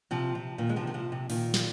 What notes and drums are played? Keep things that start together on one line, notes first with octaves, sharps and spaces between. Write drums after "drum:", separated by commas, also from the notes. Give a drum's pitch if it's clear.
C3 F3
C3
A#2 D#3
G#3
C3 F3
D#3
C3 F3
C3
A#2 D#3, drum: open hi-hat
drum: snare